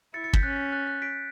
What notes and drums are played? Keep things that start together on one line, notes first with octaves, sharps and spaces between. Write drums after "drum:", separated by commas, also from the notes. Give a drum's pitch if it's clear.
E4 A6 C#7
A6 C#7
G6 B6, drum: kick
C#4 F#6 A6
F#6 A6
F#6
B6 D7